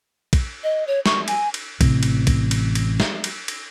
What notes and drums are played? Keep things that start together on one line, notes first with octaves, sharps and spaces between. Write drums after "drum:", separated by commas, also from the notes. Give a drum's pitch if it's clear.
drum: kick, cymbal
D#5
C#5
C#6, drum: snare
G#5, drum: cymbal
drum: cymbal
A1 C3 E3, drum: kick, cymbal
drum: cymbal
drum: kick, cymbal
drum: cymbal
drum: cymbal
drum: snare
drum: cymbal
drum: cymbal